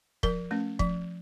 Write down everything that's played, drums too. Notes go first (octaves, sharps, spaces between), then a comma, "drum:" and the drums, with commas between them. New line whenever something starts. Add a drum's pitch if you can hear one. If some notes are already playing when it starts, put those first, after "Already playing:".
F3 A#4, drum: kick
A3 C#4
F3, drum: kick